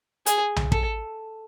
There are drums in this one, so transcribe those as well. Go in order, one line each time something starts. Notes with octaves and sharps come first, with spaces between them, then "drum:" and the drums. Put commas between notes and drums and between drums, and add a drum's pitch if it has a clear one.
G#4, drum: hi-hat
drum: tom C2
A4, drum: kick